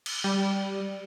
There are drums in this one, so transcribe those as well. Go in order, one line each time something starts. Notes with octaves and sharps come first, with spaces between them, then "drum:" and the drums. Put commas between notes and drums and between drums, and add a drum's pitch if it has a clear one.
drum: cymbal
G3